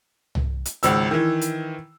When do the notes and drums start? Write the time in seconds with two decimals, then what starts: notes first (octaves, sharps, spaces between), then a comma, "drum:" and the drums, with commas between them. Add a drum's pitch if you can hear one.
0.35 drum: tom C2
0.65 drum: hi-hat
0.83 G#1 C#2 E6, drum: hi-hat
1.11 D#3 E3
1.41 drum: hi-hat